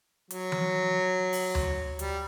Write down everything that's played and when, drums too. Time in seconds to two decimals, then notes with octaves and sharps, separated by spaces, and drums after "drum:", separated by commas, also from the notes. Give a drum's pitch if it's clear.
0.31 F#3, drum: hi-hat
0.52 drum: tom E3
1.33 drum: open hi-hat
1.55 drum: tom D2
1.99 G3, drum: hi-hat